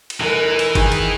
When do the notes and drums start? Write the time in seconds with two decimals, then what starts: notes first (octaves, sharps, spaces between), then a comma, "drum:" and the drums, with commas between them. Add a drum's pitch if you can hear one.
0.10 drum: cymbal
0.20 F1 E3 A#4
0.59 drum: cymbal
0.75 D#3 G#4, drum: kick G1, cymbal
0.92 drum: cymbal